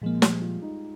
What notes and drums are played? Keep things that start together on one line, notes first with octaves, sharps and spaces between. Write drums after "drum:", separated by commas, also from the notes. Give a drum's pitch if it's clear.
A#2 F3 G#3 A#3
G3, drum: snare
F4
D#4